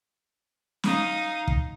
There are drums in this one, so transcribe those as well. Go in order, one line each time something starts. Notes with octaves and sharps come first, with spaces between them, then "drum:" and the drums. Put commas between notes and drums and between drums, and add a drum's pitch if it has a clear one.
D#4 F5 D#6, drum: snare
drum: kick